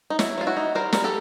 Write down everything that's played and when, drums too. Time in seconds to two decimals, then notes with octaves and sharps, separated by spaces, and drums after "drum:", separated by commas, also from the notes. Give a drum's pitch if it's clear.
0.10 D#4
0.19 F#3 E4, drum: snare
0.38 F#3 F4
0.47 E4 F#4
0.57 D#4
0.75 G3 A#4 C5
0.92 G3 A#4, drum: snare
1.04 G4 A4